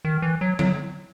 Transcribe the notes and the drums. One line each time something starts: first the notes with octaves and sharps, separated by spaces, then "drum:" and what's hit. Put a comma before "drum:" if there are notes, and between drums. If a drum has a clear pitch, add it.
D#3
E3
F#3
F#3, drum: tom